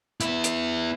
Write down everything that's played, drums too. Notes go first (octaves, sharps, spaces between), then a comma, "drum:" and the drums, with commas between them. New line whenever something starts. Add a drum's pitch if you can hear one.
B3 E4, drum: hi-hat
drum: hi-hat